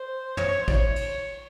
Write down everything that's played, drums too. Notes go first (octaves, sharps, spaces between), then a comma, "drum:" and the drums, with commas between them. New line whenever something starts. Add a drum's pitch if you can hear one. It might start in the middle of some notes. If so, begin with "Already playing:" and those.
Already playing: C5
C#5, drum: tom
C#5
C5
D5, drum: kick
C#5
drum: cymbal